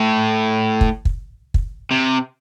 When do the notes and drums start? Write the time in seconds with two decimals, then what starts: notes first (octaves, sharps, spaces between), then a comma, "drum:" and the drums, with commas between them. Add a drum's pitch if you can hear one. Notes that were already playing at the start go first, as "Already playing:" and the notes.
Already playing: A2
0.81 drum: kick
1.05 drum: kick
1.54 drum: kick
1.91 C3